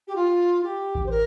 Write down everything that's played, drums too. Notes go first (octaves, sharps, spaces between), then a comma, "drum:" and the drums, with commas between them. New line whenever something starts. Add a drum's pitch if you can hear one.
G4
F4
G4
drum: kick A1
C5
A#4